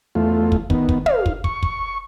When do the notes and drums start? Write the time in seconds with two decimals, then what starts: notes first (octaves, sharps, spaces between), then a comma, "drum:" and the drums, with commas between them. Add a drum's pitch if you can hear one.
0.15 E2 A3 F4
0.52 drum: kick
0.70 D#3 B3, drum: kick
0.89 drum: kick
1.06 F5, drum: tom
1.26 drum: kick
1.44 C#6, drum: kick
1.63 drum: kick